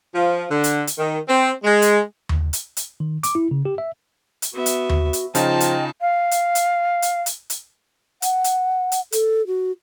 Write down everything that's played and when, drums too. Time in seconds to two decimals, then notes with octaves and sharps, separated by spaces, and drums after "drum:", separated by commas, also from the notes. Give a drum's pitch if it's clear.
0.14 F3
0.50 D3
0.64 drum: hi-hat
0.87 drum: hi-hat
0.98 D#3
1.29 C4
1.64 G#3
1.82 drum: hi-hat
2.29 drum: tom D#2
2.53 drum: hi-hat
2.77 drum: hi-hat
3.00 D#3
3.23 D6, drum: hi-hat
3.35 E4
3.51 C#3
3.65 G4
3.78 E5
4.42 drum: hi-hat
4.54 B3 F#4 E5
4.66 drum: hi-hat
4.89 drum: tom D#2
5.13 drum: hi-hat
5.35 C#3 F3 D#4 F4 D#5 G5 A5, drum: hi-hat
5.60 drum: hi-hat
6.01 F5
6.31 drum: hi-hat
6.55 drum: hi-hat
7.02 drum: hi-hat
7.26 drum: hi-hat
7.50 drum: hi-hat
8.22 F#5, drum: hi-hat
8.44 drum: hi-hat
8.92 drum: hi-hat
9.12 A4, drum: hi-hat
9.47 F#4